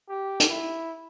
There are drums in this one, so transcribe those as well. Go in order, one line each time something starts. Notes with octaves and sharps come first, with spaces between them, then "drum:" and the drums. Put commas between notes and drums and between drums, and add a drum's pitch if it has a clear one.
G4
drum: hi-hat
E4